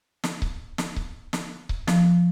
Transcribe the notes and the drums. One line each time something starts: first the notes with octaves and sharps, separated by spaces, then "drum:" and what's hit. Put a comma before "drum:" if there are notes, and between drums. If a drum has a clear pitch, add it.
drum: snare
drum: kick C#1
drum: snare
drum: kick C#1
drum: snare
drum: kick C#1
F3, drum: snare